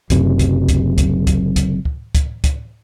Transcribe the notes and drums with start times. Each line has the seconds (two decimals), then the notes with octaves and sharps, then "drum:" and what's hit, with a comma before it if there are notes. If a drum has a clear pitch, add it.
0.10 F#1 F#2 C3 F#3, drum: kick, hi-hat
0.39 drum: kick, hi-hat
0.69 drum: kick, hi-hat
0.98 drum: kick, hi-hat
1.27 drum: kick, hi-hat
1.56 drum: kick, hi-hat
1.85 drum: kick
2.15 drum: kick, hi-hat
2.44 drum: kick, hi-hat